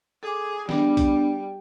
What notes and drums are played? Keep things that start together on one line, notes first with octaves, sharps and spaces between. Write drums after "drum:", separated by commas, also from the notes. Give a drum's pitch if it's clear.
G#4 A4 D6
G3 B3 D4, drum: snare
drum: kick B1, hi-hat